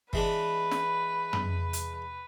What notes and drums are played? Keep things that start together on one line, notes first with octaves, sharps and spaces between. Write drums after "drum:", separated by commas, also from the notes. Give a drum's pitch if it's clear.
E3 G#3 D4 B4, drum: kick
drum: snare
drum: tom
drum: hi-hat